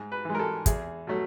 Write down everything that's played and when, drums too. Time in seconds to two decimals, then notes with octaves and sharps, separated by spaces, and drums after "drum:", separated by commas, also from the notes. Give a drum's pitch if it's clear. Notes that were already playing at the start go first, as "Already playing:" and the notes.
Already playing: G#2
0.12 B4
0.25 E3 G#3
0.35 A#4
0.39 A4
0.66 E2 G#4, drum: kick, hi-hat
1.07 B2 F#3 A3